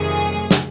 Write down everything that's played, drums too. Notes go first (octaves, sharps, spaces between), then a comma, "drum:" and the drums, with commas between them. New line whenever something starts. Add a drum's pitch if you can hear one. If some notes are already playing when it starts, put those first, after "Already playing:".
Already playing: F2 C3 D#3 F#3 A3 G#4
drum: snare